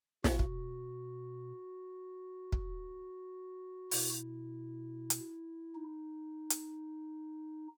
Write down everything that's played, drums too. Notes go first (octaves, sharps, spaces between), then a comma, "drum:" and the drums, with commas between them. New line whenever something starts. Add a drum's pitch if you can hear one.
B2 F#4, drum: snare
drum: kick
drum: kick
B2 E4, drum: open hi-hat
drum: hi-hat
D#4
drum: hi-hat